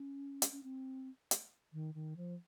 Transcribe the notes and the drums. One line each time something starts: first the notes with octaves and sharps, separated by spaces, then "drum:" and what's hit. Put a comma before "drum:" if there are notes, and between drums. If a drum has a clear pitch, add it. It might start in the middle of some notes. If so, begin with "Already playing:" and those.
Already playing: C#4
drum: hi-hat
C#4
C4
drum: hi-hat
D#3
D#3
F3